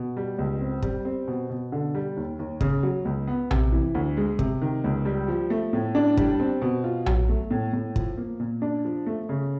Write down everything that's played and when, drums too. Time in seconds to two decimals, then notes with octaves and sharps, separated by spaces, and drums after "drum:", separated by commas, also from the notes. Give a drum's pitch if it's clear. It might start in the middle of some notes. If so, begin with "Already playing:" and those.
Already playing: B2
0.17 G3
0.39 C#2
0.61 C4
0.82 G3, drum: kick
1.05 C4
1.28 B2
1.50 B2
1.72 D3
1.95 G3
2.17 D#2
2.39 D#2
2.61 C#3, drum: kick
2.83 F#3
3.05 C#2
3.27 B3
3.51 C3, drum: tom A#1
3.72 E3
3.95 D2
4.17 G#3
4.39 C3, drum: kick
4.62 D#3
4.84 C#2
5.05 G3
5.28 F3
5.50 A3
5.73 A2
5.95 D4
6.17 G3, drum: kick
6.40 C4
6.62 B2
6.84 F4
7.06 F#3, drum: tom A#1
7.29 A3
7.51 A2
7.73 A2
7.96 F3, drum: kick
8.17 A#3
8.39 A#2
8.62 D4
8.85 F3
9.06 A3
9.29 C#3